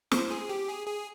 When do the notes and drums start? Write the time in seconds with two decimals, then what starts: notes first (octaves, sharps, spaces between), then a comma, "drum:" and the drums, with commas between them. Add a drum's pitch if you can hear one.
0.11 C5, drum: snare
0.30 G#4
0.49 G4
0.68 G#4
0.87 G#4